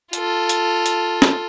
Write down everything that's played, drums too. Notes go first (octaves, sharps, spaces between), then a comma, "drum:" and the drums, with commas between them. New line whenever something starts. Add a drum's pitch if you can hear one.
F4 A4, drum: hi-hat
drum: hi-hat
drum: hi-hat
drum: snare